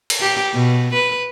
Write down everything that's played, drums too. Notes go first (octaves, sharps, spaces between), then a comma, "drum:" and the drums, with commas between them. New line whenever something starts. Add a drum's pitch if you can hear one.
drum: cymbal
G4
B2
B4